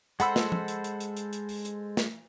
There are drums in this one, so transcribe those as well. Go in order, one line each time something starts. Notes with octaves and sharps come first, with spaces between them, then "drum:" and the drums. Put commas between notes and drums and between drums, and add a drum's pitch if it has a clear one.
G#3 A4 C5 F#5 B5 E6, drum: hi-hat
drum: snare
drum: tom F3
drum: hi-hat
drum: hi-hat
drum: hi-hat
drum: hi-hat
drum: hi-hat
drum: open hi-hat
drum: hi-hat
drum: snare